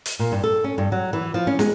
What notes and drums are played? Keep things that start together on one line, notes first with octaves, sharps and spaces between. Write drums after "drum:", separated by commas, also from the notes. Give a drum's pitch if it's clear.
drum: hi-hat
A#2
G2
A4
C#4
G2
F#3
E3
F3
C#4
G#3, drum: snare